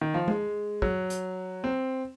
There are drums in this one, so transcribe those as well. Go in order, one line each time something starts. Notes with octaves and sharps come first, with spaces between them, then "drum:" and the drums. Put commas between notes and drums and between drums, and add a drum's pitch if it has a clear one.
D#3
F3
G#3, drum: tom G#3
F#3, drum: kick
drum: hi-hat
C4